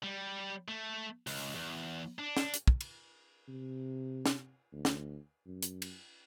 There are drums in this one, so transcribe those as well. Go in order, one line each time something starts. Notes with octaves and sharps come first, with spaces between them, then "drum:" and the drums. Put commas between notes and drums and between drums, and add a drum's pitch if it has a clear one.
G3
A3
C#2, drum: open hi-hat
E2
D4
drum: snare
drum: hi-hat
drum: kick
drum: cymbal
C3
drum: snare
D2
drum: snare
F#2
drum: hi-hat
drum: cymbal